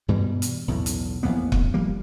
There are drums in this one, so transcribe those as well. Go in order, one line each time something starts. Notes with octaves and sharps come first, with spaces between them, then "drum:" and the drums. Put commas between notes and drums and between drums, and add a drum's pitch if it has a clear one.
G2 B2 E3 G3
drum: hi-hat
B1 E2 A2
drum: hi-hat
A1 F2 A#3 B3
drum: kick
F3 G3 A#3